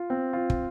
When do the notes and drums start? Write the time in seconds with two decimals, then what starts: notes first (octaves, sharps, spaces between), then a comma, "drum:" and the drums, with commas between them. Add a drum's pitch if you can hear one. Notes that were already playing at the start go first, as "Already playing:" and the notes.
Already playing: F4
0.10 C4
0.33 F4
0.50 drum: kick